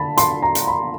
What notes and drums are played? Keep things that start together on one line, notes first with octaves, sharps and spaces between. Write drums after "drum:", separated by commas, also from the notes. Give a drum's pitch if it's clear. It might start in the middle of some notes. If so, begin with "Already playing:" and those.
Already playing: D3 D4 A5 B5
C6, drum: hi-hat
A#5
drum: hi-hat
B5